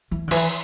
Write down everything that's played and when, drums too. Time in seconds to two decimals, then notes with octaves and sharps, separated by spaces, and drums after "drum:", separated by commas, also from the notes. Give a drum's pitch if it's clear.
0.11 E3
0.28 D3
0.31 E3, drum: cymbal